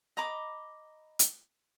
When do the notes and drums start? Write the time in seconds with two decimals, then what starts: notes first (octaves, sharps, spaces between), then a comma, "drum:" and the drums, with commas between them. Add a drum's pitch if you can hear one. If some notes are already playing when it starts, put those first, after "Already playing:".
0.17 D#5 A#5 B5 D6
1.19 drum: hi-hat